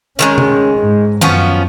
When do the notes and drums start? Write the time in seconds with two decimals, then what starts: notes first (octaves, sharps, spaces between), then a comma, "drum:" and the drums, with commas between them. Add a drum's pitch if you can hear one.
0.19 D#3 G3 G#3 C#4
0.38 drum: tom C3
0.80 G#2
1.21 F#2 F3 B3 C#4, drum: tom D#3